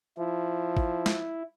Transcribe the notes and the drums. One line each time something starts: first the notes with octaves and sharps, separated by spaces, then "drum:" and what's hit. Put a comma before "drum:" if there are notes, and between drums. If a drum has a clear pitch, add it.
F3 E4
drum: kick
drum: snare